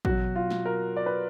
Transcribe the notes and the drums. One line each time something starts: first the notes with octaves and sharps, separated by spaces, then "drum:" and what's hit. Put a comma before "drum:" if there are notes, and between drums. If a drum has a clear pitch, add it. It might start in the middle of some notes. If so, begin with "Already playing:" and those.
B2 F#3 F#4, drum: kick A1
F4
drum: snare
A#4
D5
B4